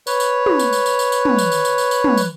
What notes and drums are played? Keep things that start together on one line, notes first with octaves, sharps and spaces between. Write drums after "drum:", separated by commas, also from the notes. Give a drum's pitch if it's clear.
B4 C#5, drum: tambourine
drum: tambourine
drum: tom
drum: tambourine
drum: tambourine
drum: tambourine
drum: tambourine
drum: tambourine
drum: tom
drum: tambourine
drum: tambourine
drum: tambourine
drum: tambourine
drum: tambourine
drum: tom
drum: tambourine